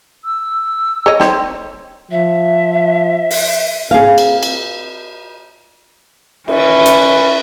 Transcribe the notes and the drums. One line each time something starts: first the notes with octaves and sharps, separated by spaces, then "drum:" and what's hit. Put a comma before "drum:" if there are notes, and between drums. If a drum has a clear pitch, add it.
E6
A4 C#5 D#5
C4 C5 C#5, drum: snare
F3 E5
drum: open hi-hat
C4 G#4 F5
drum: cymbal
drum: cymbal
C#4 B4 E5, drum: cymbal
drum: hi-hat